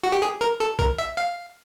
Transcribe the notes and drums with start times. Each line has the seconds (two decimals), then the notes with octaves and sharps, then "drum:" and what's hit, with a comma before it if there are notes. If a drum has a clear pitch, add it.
0.04 F#4
0.12 G4
0.22 G#4
0.41 A#4
0.60 A4
0.79 A#4, drum: kick
0.98 E5
1.17 F5